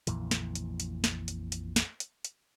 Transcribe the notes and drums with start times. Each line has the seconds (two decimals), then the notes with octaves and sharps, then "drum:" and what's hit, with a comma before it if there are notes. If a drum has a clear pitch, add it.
0.07 A#1 F2 A#2 E3, drum: hi-hat
0.31 drum: snare
0.55 drum: hi-hat
0.80 drum: hi-hat
1.04 drum: snare
1.28 drum: hi-hat
1.52 drum: hi-hat
1.76 drum: snare
2.00 drum: hi-hat
2.24 drum: hi-hat